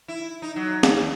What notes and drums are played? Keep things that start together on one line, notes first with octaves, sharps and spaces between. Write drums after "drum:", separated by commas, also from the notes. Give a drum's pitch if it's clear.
E4
D#4
F#3
D#2, drum: snare